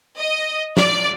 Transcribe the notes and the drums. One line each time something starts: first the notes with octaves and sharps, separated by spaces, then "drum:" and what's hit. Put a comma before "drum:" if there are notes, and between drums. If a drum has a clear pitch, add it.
D#5
D5, drum: snare